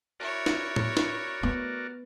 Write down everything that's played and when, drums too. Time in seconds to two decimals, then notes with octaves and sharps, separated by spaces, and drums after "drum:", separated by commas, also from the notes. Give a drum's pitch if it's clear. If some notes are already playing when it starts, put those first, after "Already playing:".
0.20 E4 F#4 A#4 C#5 D5
0.46 drum: snare
0.76 drum: tom A2
0.97 drum: snare
1.43 B3